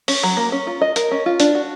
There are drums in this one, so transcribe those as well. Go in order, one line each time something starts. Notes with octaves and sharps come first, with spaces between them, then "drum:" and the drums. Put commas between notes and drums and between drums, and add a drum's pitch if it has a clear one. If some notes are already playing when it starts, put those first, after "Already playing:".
C#4, drum: open hi-hat
F#3
A#3
C#4
F4
D#5
A#4, drum: hi-hat
C#4
F4
D4, drum: hi-hat
F#4